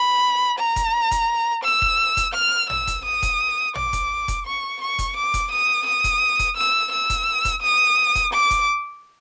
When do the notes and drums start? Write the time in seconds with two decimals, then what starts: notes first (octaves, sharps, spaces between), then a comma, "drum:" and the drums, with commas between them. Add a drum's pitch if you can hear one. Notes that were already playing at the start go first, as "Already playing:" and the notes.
Already playing: B5
0.59 A#5
0.76 drum: kick F1, hi-hat
1.11 drum: kick F1, hi-hat
1.64 E6
1.82 drum: kick F1
2.17 drum: kick F1, hi-hat
2.34 F6
2.70 E6, drum: tom
2.87 drum: kick F1, hi-hat
3.05 D#6
3.23 drum: kick F1, hi-hat
3.75 D6, drum: tom
3.93 drum: kick F1, hi-hat
4.28 drum: kick F1, hi-hat
4.46 C#6
4.81 C#6
4.99 drum: kick F1, hi-hat
5.16 D6
5.34 drum: kick F1, hi-hat
5.51 D#6
5.86 D#6
6.04 drum: kick F1, hi-hat
6.39 drum: kick F1, hi-hat
6.57 E6
6.92 E6
7.10 drum: kick F1, hi-hat
7.45 drum: kick F1, hi-hat
7.62 D#6
8.15 drum: kick F1, hi-hat
8.33 D6
8.51 drum: kick F1, hi-hat